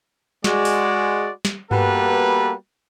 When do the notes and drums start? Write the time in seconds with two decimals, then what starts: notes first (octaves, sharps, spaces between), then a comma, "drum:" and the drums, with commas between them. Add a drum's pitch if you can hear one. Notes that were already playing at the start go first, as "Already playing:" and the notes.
0.44 G#3 F#4 D5, drum: snare
0.65 drum: open hi-hat
1.45 drum: snare
1.71 G3 A#3 B3 F#4 A4 B4, drum: tom G2